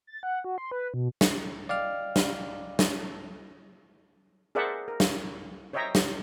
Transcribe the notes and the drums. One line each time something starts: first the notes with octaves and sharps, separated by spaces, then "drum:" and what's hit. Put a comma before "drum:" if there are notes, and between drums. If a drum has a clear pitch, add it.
A6
F#5
F#4
C6
B4
B2
drum: snare
D5 D#5 F5 G5 D6 F6
drum: snare
drum: snare
G#4 A#4 C5 D5 E5 F#5
A#4
drum: snare
C5 C#5 D#5 E5 G5 A#5
drum: snare